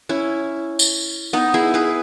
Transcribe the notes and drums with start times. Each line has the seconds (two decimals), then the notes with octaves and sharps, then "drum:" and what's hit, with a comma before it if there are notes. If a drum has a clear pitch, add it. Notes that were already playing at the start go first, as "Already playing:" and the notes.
0.09 C#4 E4
0.79 drum: tambourine
1.33 B3 D#4
1.54 E4 G#4
1.74 G#4 B4